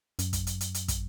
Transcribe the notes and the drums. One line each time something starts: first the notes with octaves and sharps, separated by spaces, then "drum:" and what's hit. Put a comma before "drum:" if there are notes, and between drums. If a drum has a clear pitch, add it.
F#2, drum: hi-hat
drum: kick, hi-hat
drum: hi-hat
drum: hi-hat
drum: hi-hat
drum: kick, hi-hat